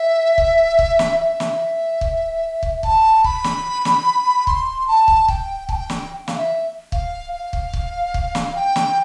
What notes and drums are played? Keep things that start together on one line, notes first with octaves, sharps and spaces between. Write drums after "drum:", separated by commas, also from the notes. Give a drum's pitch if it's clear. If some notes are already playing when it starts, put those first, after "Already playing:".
Already playing: E5
drum: kick
drum: kick
drum: snare
E5
drum: snare
drum: kick
drum: kick
A5, drum: kick
B5, drum: kick
drum: snare
drum: snare
C6, drum: kick
A5
drum: kick
G5, drum: kick
A5, drum: kick
G5
drum: snare
F5, drum: snare
E5
F5, drum: kick
F5
drum: kick
drum: kick
drum: kick
drum: snare
G5
drum: snare